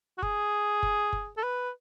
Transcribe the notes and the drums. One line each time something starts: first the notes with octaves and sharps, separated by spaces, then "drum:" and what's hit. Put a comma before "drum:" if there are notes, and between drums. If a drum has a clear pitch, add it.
F#4
G#4, drum: kick F#1
drum: kick F#1
drum: kick F#1
A4
B4